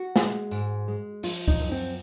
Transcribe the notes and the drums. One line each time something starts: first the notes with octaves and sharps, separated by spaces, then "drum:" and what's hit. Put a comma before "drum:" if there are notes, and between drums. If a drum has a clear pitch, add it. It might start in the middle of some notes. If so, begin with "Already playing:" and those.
Already playing: F#4
G#3, drum: snare
G#2, drum: tambourine
G#3
F3 F4, drum: open hi-hat
D#4, drum: kick C#2
F#2
C4